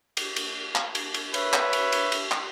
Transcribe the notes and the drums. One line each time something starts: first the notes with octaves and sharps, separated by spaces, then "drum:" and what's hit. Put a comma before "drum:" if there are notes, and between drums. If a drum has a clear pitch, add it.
drum: cymbal
drum: cymbal
drum: clap
drum: cymbal
drum: cymbal
B4 C#5 E5, drum: cymbal
drum: clap
drum: cymbal
drum: cymbal
drum: cymbal
drum: clap